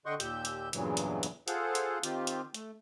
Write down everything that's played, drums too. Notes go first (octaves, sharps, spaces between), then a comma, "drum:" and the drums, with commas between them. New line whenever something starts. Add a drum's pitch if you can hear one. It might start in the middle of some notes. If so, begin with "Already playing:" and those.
D3 D#5 F#5 G5 C6 C#6
D#2 A#2 G4 E6 G6, drum: hi-hat
drum: hi-hat
E2 G2 A#2 C#3 E3 F#3, drum: hi-hat
drum: hi-hat
drum: hi-hat
F4 G#4 A4 C5 F5 F#5, drum: hi-hat
drum: hi-hat
D#3 C4 F4 G4, drum: hi-hat
drum: hi-hat
A3, drum: hi-hat